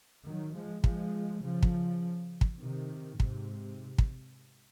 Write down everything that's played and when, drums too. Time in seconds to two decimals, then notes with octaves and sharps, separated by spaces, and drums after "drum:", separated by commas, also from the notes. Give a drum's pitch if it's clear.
0.25 D#3 F#3
0.55 F3 G#3
0.84 F3 G#3, drum: kick
1.43 C#3 F3
1.63 drum: kick
2.41 drum: kick
2.61 C3 D#3
3.20 G#2 C3, drum: kick
3.98 drum: kick